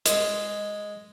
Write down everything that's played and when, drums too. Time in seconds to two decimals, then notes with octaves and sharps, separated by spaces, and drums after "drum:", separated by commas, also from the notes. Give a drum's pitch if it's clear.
0.06 G#3, drum: hi-hat